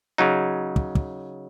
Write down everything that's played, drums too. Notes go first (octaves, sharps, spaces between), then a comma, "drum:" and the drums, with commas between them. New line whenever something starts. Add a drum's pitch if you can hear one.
C#3 F#3 D#4
drum: kick
drum: kick